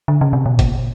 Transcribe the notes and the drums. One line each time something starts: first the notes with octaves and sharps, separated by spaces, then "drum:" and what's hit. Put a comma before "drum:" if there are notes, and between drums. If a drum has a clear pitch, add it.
D3
C#3
C3
B2
A#2, drum: kick, hi-hat